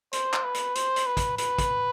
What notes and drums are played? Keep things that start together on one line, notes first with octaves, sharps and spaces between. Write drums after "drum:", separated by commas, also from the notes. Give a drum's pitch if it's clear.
C5, drum: hi-hat
drum: clap
B4
drum: hi-hat
C5, drum: hi-hat
drum: hi-hat
B4
drum: kick, hi-hat
B4, drum: hi-hat
drum: kick, hi-hat